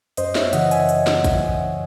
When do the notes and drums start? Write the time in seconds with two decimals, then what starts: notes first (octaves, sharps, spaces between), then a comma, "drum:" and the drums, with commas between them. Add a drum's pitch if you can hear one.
0.17 F#2 C5 D#5, drum: hi-hat
0.35 C#5 E5, drum: snare
0.53 C#3 E3 D#5 F#5, drum: hi-hat
0.71 E5 G#5, drum: hi-hat
0.89 drum: hi-hat
1.07 drum: snare
1.24 drum: kick, hi-hat